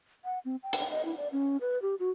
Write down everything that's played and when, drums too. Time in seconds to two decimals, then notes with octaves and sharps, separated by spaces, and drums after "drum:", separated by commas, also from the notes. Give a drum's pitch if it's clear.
0.25 F#5
0.45 C4
0.63 G5
0.73 drum: hi-hat
0.91 D#5
1.05 E4
1.17 D5
1.32 C#4
1.61 B4
1.82 G4
2.00 F#4